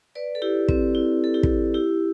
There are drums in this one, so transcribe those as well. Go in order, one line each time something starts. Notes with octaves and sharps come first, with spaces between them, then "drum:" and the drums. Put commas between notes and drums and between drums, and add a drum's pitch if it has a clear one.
B4 D5
A4
E4 G4
C4, drum: kick
E4
A4
E4 G4
drum: kick
E4 G4